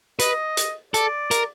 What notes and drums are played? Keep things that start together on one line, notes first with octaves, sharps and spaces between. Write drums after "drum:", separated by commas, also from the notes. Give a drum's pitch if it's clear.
B4 D#5, drum: hi-hat
drum: hi-hat
A4 D5, drum: hi-hat
A#4, drum: hi-hat